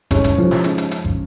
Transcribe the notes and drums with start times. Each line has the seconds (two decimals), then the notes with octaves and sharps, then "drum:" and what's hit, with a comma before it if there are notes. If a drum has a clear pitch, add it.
0.11 C#3 G#3 C#4 D#4, drum: kick, hi-hat
0.24 drum: kick, hi-hat
0.38 F3
0.51 drum: snare
0.64 C#3 G#3 D#4, drum: hi-hat
0.78 drum: hi-hat
0.91 drum: hi-hat
1.05 drum: kick